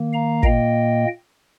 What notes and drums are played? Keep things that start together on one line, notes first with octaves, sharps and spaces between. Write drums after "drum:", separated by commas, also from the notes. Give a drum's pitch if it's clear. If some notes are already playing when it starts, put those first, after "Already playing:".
Already playing: D#3 A#3
F5 A#5
A#2 A#3 D#5 G5, drum: kick